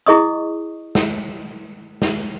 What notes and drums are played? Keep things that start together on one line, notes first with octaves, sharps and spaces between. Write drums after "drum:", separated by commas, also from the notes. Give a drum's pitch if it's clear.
E4 G#4 D#5 C#6 D#6
drum: snare
drum: snare